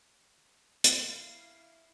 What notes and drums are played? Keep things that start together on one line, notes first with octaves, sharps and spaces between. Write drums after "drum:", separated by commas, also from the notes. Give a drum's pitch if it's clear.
drum: hi-hat
E4 F5